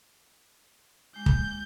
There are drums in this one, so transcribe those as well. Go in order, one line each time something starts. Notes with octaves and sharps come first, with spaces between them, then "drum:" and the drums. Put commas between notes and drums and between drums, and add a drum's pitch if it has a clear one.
G#3 G6
drum: kick